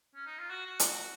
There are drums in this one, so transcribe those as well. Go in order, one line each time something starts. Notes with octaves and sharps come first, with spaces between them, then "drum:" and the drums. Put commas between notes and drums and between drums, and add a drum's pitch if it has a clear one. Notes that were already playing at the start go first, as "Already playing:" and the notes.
C#4
D#4
F4
F#4
F#4
drum: hi-hat